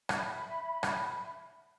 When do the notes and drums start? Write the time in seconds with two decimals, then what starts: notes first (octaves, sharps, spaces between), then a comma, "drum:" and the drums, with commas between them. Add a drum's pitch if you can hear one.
0.09 E5 B5, drum: rim click
0.83 drum: rim click